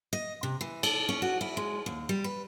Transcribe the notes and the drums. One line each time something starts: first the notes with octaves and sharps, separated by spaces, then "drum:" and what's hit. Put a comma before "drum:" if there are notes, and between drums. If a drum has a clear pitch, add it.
D#5
C3
E3
A4, drum: cymbal
C#4
F#4
E4
G#3
D#2
G3
B4